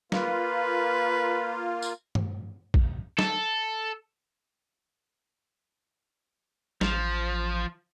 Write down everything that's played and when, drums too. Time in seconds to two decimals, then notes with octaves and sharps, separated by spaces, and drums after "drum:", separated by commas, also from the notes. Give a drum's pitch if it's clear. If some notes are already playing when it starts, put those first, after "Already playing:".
0.12 A#3 F4 B4, drum: snare
1.82 drum: tambourine
2.15 drum: tom G2
2.74 drum: kick
3.19 A4, drum: snare
6.81 A1 F3, drum: snare